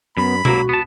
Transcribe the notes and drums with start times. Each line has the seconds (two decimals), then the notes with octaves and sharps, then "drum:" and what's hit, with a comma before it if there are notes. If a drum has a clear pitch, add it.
0.17 F#2 B3 B5
0.45 F#3 A#3 E4 F#4, drum: tom B2
0.69 B3 A5